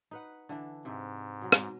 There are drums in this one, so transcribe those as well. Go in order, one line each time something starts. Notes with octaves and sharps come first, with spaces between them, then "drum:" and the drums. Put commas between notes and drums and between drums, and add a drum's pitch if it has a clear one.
D#4 B4 F#5
D3 E3 D4
G#2 C3
B2 F#3
drum: rim click